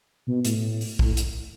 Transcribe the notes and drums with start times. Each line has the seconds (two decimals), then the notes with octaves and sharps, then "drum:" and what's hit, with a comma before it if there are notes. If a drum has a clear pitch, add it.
0.27 B2
0.45 A2, drum: hi-hat
0.81 drum: open hi-hat
0.99 A2, drum: kick
1.17 drum: hi-hat